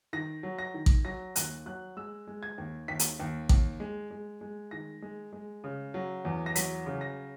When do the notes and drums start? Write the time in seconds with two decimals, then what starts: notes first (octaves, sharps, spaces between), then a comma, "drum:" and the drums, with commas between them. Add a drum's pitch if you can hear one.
0.13 D#3 A#6
0.43 F#3
0.59 A#6
0.74 D#3
0.86 drum: kick A1
1.05 F#3 A#6
1.36 D#2 F#6, drum: hi-hat
1.66 F#3 F#6
1.97 G#3 E6
2.27 G#3
2.43 G#6
2.58 D#2
2.88 D#2 B6
2.99 drum: hi-hat
3.20 D#2
3.49 D#2, drum: kick A1
3.80 G#3
4.11 G#3
4.41 G#3
4.71 D#3 A#6
5.02 G#3
5.33 G#3
5.64 C#3
5.94 F#3
6.25 E2
6.46 A#6
6.56 F#3 B6, drum: hi-hat
6.86 C#3
7.01 A#6